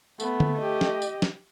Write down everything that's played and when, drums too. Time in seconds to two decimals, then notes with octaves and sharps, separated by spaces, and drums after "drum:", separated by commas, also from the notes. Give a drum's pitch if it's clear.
0.20 A3 B3, drum: tambourine
0.40 drum: tom D3
0.59 G4 D#5
0.81 drum: snare
1.02 drum: tambourine
1.22 drum: snare